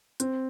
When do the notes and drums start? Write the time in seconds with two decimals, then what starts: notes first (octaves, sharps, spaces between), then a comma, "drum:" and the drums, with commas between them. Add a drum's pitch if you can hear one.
0.20 C4, drum: hi-hat